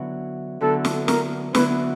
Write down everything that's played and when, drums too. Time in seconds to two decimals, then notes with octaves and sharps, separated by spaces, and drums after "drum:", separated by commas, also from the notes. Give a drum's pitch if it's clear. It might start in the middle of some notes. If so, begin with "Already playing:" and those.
Already playing: D3 F#3 B3 E4
0.61 D3 F#3 B3 E4 A4
0.85 drum: snare
1.08 A#4, drum: snare
1.55 D3 F#3 B3 E4 B4, drum: snare